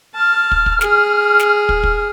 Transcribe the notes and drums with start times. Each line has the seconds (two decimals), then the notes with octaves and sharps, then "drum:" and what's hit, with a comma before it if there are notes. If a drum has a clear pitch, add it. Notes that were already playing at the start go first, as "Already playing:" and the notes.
0.14 A5 F6
0.51 drum: kick
0.66 drum: kick
0.81 G#4, drum: snare
1.39 drum: snare
1.69 drum: kick
1.83 drum: kick